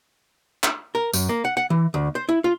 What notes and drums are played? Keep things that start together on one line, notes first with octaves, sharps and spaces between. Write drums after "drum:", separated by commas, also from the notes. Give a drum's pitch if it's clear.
drum: clap
A#4
F#2, drum: tambourine
A#3
F#5
F#5
E3
D2
C5
E4
F4